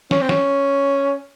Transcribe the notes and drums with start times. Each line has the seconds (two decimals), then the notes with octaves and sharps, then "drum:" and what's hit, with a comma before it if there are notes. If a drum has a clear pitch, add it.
0.11 C#4, drum: snare
0.21 C4
0.29 C#4, drum: snare